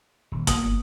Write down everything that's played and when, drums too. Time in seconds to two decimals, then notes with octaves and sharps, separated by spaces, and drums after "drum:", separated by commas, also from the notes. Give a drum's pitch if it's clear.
0.32 D#1
0.47 A#3 B3 D#6 F#7, drum: kick, hi-hat
0.66 G1